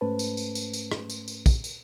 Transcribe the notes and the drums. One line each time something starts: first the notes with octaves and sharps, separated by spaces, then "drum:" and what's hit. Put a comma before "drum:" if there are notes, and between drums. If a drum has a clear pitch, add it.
G#2 A3 C#4 B4 C5 A5
drum: tambourine
drum: tambourine
drum: tambourine
drum: tambourine
drum: rim click
drum: tambourine
drum: tambourine
drum: kick, tambourine
drum: tambourine